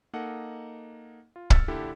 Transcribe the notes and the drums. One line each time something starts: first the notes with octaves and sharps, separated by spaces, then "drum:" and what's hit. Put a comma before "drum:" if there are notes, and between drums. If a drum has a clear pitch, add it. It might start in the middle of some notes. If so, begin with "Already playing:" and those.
A#3 D#4 A4 D#5 F#5
F4
E6 F6 A6 B6 C#7, drum: kick
A#2 D3 D4 E4 G4 A4